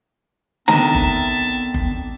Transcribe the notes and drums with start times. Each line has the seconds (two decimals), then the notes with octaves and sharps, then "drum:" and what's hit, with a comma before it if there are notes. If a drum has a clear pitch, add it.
0.68 D3 D#3 B3 C4 E5 A5 A#5, drum: snare
0.94 drum: kick F#1
1.74 drum: kick F#1